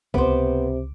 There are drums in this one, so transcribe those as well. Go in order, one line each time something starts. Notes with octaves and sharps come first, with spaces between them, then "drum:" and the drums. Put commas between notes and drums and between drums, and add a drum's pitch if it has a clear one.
C#2 C3 B3 C5 D6, drum: kick B1